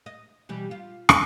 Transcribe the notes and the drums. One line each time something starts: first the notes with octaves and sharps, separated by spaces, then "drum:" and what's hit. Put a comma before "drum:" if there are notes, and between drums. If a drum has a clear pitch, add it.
D#5
B2 E3 G3
F4
drum: rim click